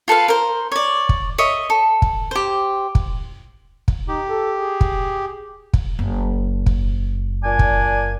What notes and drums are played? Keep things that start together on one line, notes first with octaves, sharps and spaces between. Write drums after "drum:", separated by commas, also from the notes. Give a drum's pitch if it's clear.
F4 A4 B4 F5
A#4 C5
C#5 D5
drum: kick
C#5 D#5 E5
A4
drum: kick
G4 C5
drum: kick
drum: kick
D#4 G4
A4
G#4
drum: kick
drum: kick
F#1
drum: kick
A#2 D4 G#5
drum: kick